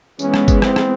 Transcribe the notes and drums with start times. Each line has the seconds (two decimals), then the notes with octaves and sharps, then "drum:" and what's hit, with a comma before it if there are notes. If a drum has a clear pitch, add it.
0.19 E3 G#3 B3 C#4, drum: tambourine
0.34 drum: rim click
0.48 drum: kick G1, tambourine
0.62 C4, drum: rim click
0.76 drum: rim click